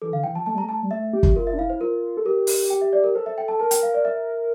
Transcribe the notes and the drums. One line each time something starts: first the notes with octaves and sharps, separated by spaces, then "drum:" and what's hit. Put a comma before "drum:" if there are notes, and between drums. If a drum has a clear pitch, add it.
E3 A4
D3 F5
E3 G5
F3 A5
A3 A5
G3
A3 A#5
A5
G3
A3 E5
G4
drum: kick
F4 A#4
E5
D4
E4 F5
C5
F4 A#4
A4
G4 A#4
drum: open hi-hat
G5
E5
D5
A#4
A4 C5
E5
G5
A5
A#4 A5
G5, drum: hi-hat
F5
D5
E5